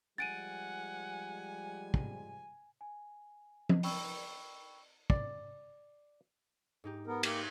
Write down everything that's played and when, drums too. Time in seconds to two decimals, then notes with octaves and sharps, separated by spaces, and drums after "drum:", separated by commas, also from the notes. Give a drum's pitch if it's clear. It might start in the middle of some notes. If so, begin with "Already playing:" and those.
0.18 F3 G3 G#3 F#5 G#5 A6 D7 D#7
1.94 drum: kick
2.81 G#5
3.69 D#5, drum: tom F3
3.83 G5 B5 C#6 E6 G#6, drum: open hi-hat
5.10 D5, drum: kick
6.84 G#2 D#4 G4
7.07 B3 A#4
7.23 A#3 G4 B4 E5, drum: cymbal